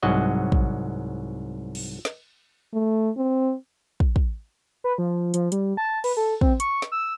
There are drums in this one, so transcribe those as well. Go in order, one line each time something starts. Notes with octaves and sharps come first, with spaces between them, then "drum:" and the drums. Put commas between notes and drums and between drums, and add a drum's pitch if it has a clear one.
C2 G#2 F#3 F#4 D#5 F#5
drum: kick
drum: cymbal
drum: snare
A3
C4
drum: kick
drum: kick
B4
F3
F3, drum: hi-hat
G3, drum: hi-hat
A5
B4, drum: cymbal
A4
C4, drum: kick
C#6, drum: hi-hat
drum: snare
E6